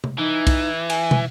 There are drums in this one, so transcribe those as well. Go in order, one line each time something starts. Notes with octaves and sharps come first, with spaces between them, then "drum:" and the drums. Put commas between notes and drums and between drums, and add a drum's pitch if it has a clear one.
drum: tom C3
E3 D#4
drum: kick, cymbal
G#5, drum: cymbal
drum: tom